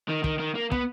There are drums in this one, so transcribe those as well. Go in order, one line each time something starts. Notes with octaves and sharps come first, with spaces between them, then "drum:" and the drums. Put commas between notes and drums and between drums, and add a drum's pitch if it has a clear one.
D#3
D#3, drum: kick
D#3
A#3
B3, drum: kick